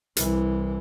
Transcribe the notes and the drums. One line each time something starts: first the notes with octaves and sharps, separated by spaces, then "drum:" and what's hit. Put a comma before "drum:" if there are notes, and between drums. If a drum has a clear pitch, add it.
C2 E3, drum: hi-hat